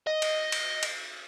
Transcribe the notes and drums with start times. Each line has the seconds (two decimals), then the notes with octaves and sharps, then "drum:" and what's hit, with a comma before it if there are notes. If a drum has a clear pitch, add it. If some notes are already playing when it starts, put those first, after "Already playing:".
0.07 D#5
0.22 drum: cymbal
0.52 drum: cymbal
0.83 drum: cymbal